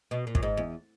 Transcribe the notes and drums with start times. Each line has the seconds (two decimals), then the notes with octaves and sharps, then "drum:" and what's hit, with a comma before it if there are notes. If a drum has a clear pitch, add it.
0.11 B2
0.27 A#2
0.35 F#2, drum: kick
0.43 G#2
0.57 E2